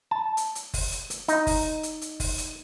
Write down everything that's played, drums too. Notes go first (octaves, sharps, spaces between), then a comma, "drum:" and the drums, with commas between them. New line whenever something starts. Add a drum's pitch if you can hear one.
A5
drum: hi-hat
drum: hi-hat
drum: kick F#1, open hi-hat
drum: hi-hat
drum: hi-hat
D#4, drum: hi-hat
drum: kick F#1, open hi-hat
drum: hi-hat
drum: hi-hat
drum: kick F#1, open hi-hat
drum: hi-hat